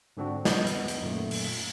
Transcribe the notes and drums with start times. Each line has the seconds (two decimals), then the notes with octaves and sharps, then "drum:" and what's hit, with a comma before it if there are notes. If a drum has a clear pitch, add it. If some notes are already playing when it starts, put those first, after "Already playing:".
0.17 G#2 D3 C4 D4 F#4
0.45 B3 D#5 G6, drum: snare
0.67 drum: hi-hat
0.88 drum: hi-hat
1.01 F#2 A#2 D#3 A3
1.31 drum: open hi-hat
1.53 drum: open hi-hat